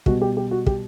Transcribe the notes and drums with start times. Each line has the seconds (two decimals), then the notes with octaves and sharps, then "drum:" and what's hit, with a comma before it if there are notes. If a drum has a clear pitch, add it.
0.06 B2 G3 F#4, drum: kick
0.21 G4
0.37 G4
0.51 F#4
0.66 G4, drum: kick